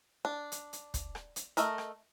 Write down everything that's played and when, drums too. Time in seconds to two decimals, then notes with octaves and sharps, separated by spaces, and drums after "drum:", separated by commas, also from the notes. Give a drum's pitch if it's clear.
0.25 D4
0.52 drum: hi-hat
0.73 drum: hi-hat
0.94 drum: kick, hi-hat
1.15 drum: rim click
1.36 drum: hi-hat
1.57 A3 A4 A#4 D#5, drum: hi-hat
1.78 drum: rim click